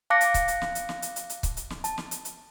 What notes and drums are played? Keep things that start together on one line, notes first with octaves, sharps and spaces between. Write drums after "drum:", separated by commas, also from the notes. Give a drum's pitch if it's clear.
F5 A5 D6 F#6 A#6 C#7
drum: hi-hat
drum: kick C#1, hi-hat
drum: hi-hat
drum: snare
drum: hi-hat
drum: snare
drum: hi-hat
drum: hi-hat
drum: hi-hat
drum: kick C#1, hi-hat
drum: hi-hat
drum: snare
A5, drum: hi-hat
drum: snare
drum: hi-hat
drum: hi-hat